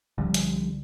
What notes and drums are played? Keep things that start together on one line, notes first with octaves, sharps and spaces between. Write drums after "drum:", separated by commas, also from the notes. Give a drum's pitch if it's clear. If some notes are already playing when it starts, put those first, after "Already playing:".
C2 D3 F3 G3
drum: hi-hat